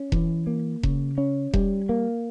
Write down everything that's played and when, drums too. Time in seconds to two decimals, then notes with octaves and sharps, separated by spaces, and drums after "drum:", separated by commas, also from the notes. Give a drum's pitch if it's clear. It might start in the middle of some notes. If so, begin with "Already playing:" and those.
Already playing: C#4
0.12 E3, drum: kick E1
0.47 A#3
0.83 C#3, drum: kick E1
1.18 C#4
1.54 G3, drum: kick E1
1.89 A#3